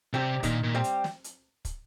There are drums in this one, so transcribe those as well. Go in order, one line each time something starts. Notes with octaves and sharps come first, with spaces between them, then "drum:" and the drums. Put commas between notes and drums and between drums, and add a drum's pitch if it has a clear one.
C3 G3 C4 G4
A#2 D#3, drum: kick, hi-hat
A#2
G3 C4 G4
drum: hi-hat
drum: snare
drum: hi-hat
drum: kick, hi-hat